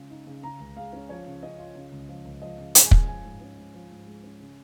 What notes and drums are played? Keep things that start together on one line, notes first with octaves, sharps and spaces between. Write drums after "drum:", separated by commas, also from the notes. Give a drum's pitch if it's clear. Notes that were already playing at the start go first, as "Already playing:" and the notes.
Already playing: C#3 G#3 F4
D#4
C#3
C#3 A#5
C#2
G#3 F5
C#4
F3 C#5
C#3
C#4 D#5
F4
C#3
C#2
F3
C#2
F3 D#5
C#3
G#3, drum: hi-hat
G#5
C#4, drum: kick
F3 G#5
G#2
C#4
G#2
F3
G#2
G#3
C#4
C#3